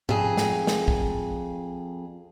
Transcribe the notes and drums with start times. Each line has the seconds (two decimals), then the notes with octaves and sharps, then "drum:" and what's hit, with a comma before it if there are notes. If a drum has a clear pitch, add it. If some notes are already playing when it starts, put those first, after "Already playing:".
0.09 F2 G#4, drum: tom G#2
0.37 drum: snare
0.67 drum: snare
0.88 drum: kick